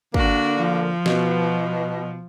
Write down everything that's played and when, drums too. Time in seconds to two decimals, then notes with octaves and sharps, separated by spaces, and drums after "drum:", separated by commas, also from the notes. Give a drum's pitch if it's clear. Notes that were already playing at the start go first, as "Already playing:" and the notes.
0.14 D3 A#3 D4 F#4, drum: kick
0.59 F3
1.06 B2, drum: snare